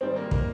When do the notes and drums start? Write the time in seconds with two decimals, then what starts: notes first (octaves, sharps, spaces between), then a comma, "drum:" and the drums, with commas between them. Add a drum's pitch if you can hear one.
0.01 G#2 D#3 G3 C4
0.16 A#3
0.31 A#3, drum: kick